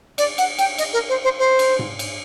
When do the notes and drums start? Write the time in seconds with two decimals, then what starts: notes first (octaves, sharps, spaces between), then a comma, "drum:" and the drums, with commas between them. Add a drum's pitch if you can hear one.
0.18 D5, drum: cymbal
0.38 F#5, drum: cymbal
0.58 G5, drum: cymbal
0.78 D#5, drum: cymbal
0.93 A#4
1.09 C5
1.24 C5
1.39 C5
1.59 drum: cymbal
1.79 drum: tom G#2
1.99 drum: cymbal